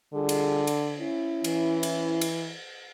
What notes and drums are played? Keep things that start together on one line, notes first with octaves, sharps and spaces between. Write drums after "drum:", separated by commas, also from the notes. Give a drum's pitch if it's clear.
D3 G3 F4 G#4
drum: cymbal
drum: cymbal
C#4 E4
E3, drum: cymbal
drum: cymbal
drum: cymbal